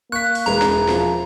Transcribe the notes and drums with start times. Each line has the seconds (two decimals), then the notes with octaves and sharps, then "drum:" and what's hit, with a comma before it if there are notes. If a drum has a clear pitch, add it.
0.12 A#3 C#6 F#6 B6
0.35 drum: open hi-hat
0.46 E1 G#3 B4 A#5
0.62 drum: snare
0.89 F3, drum: snare